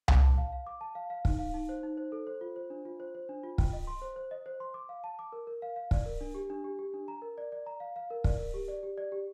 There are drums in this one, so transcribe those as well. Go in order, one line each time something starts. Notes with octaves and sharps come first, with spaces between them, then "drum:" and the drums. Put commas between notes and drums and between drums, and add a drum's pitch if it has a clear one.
D6, drum: tom C2
A5
F5
F5
D6
A5
F5
F5
D#4, drum: kick
F5
D#4
C5
D#4
C5
A4
C5
F4
C5
D4
F4
C5
C5
D4
F4
G5, drum: kick
D#5
C6
C5
C5
D#5
C5
C6
D6
F5
A5
D6
A#4
A#4
F5
F5
D5, drum: kick
A#4
D4
G4
D4
G4
G4
D4
A#5
A#4
D5
D5
A#5
F5
F5
A#4
D5, drum: kick
A#4
G4
D5
G4
D5
G4